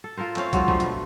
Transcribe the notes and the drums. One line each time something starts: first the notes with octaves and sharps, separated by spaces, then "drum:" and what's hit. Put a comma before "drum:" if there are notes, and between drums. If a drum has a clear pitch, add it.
A4
F4 A4 A#4 C5
A3 C4 C#4 F5, drum: clap
F#3 G#3 D#4 F4, drum: kick, hi-hat
F3 G3 A3 D4, drum: kick
B2 A3, drum: hi-hat